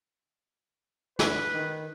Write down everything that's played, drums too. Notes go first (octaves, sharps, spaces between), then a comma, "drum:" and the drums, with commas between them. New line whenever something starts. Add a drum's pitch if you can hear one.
D3 B4, drum: snare
D#3